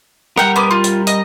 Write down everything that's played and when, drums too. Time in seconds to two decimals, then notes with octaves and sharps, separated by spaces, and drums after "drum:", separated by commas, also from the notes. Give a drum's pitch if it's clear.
0.37 G3 A#4 F#5 G5, drum: rim click
0.56 B3 C#4 D6
0.71 F4
0.84 drum: hi-hat
1.07 D#5, drum: hi-hat